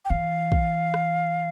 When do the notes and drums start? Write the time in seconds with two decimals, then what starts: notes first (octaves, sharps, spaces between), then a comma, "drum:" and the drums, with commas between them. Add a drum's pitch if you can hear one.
0.05 G5
0.10 E3 F5
0.52 drum: kick
0.94 drum: rim click